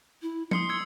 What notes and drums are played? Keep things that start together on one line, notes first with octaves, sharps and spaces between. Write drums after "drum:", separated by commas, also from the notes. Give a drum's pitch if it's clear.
E4
C6 D#6 C7 C#7, drum: tom F3
E6 G#6 C#7